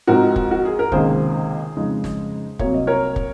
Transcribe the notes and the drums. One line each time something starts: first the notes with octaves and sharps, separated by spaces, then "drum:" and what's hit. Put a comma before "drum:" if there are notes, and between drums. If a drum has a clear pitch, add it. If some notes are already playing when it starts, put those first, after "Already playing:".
G#2 F3 C4 D#4 F#4 A#4
drum: kick
F#4
G#4
A#4
C#2 C3 D#3 A#3 G#4 C5, drum: kick
F2 C#3 G#3 D#4
drum: snare
C2 C3 F#3 A#3 C#5, drum: kick
D#5
A#4 C#5
drum: kick